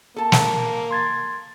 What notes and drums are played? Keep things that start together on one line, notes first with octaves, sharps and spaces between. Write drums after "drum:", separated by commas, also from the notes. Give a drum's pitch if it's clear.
A#3 A4 A5
drum: snare
C6 G#6 A6